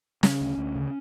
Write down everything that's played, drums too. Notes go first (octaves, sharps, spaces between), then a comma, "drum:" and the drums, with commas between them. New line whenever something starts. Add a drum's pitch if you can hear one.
C#3 C#4, drum: snare
D2
D2
C#3